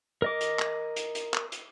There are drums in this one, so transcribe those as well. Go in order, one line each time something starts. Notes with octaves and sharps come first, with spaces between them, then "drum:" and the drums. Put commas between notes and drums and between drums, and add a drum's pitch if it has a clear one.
A#4 D#5 D6
drum: hi-hat
drum: clap
drum: hi-hat
drum: hi-hat
drum: clap
drum: hi-hat